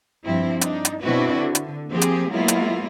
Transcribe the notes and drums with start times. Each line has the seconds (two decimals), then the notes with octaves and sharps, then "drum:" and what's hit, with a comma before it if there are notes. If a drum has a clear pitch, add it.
0.24 G2 F3 C4 E4
0.61 D4 D#4, drum: hi-hat
0.85 drum: hi-hat
1.02 B2 C4 D4 E4 F#4 B4
1.38 D3
1.55 drum: hi-hat
1.89 F3 A#3 C4 G4 G#4
2.01 drum: hi-hat
2.30 F#3 G#3 A#3 B3 E4 F4
2.48 drum: hi-hat